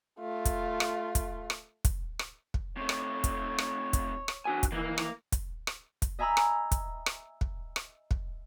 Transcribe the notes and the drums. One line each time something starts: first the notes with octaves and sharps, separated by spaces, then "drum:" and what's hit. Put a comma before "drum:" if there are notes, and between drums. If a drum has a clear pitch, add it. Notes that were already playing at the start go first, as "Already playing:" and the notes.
A3 F4
drum: kick, hi-hat
drum: rim click
drum: kick, hi-hat
drum: rim click
drum: kick, hi-hat
drum: rim click
drum: kick
C3 A3 C#5
drum: rim click
drum: kick, hi-hat
drum: rim click
drum: kick, hi-hat
drum: rim click
D4 F#4 G#5
drum: kick, hi-hat
D#3 E3 A#3
drum: rim click
drum: kick, hi-hat
drum: rim click
drum: kick, hi-hat
D#5 E5 G#5 A#5 B5 E6
drum: rim click
drum: kick, hi-hat
drum: rim click
drum: kick
drum: rim click
drum: kick